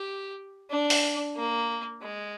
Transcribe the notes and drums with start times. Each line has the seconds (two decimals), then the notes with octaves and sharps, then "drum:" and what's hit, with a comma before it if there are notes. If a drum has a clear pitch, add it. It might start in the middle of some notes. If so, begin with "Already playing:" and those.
Already playing: G4
0.70 D4
0.90 drum: open hi-hat
1.36 A#3
2.02 G#3